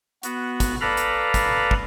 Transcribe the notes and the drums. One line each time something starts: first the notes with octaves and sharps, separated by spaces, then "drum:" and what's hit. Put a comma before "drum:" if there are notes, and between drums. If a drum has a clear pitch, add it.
B3 F#4, drum: hi-hat
drum: kick, hi-hat
A4 B4 D5 F5 A#5 B5
drum: hi-hat
drum: kick, hi-hat
drum: kick